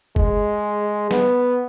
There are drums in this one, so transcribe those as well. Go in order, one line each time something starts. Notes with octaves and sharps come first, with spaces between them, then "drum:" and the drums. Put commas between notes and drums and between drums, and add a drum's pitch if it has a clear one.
G#3, drum: kick F#1
B3, drum: snare